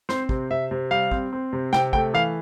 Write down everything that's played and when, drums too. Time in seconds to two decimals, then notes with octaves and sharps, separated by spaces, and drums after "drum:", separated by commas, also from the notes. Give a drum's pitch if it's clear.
0.09 C4 C5, drum: snare
0.29 C3, drum: kick
0.51 C3 E5
0.71 C3
0.91 G3 F5
1.11 C4, drum: kick
1.33 C4
1.53 C3
1.73 C3 G5, drum: snare
1.93 A3 G5, drum: kick
2.14 E3 F5